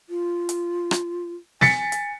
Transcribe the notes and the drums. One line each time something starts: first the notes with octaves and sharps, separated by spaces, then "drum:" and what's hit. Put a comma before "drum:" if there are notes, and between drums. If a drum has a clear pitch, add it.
F4
drum: hi-hat
drum: rim click
G#5 A6 B6 C#7, drum: snare
drum: hi-hat